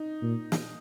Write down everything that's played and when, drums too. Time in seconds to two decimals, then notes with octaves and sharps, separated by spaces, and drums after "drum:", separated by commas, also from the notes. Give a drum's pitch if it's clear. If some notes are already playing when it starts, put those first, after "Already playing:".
Already playing: D#4
0.22 A#2
0.52 drum: snare